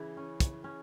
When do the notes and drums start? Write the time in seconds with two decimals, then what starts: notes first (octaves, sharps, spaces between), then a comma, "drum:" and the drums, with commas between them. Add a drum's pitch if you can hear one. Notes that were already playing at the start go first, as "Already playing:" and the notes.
Already playing: C#3 E3 E4
0.17 C#4
0.40 drum: kick, hi-hat
0.64 C#4